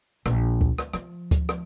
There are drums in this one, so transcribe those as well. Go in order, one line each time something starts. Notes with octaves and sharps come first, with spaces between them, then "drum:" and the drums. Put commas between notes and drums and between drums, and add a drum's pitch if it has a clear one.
A#1, drum: rim click
drum: kick D2
drum: rim click
F3, drum: rim click
drum: kick D2, hi-hat
drum: rim click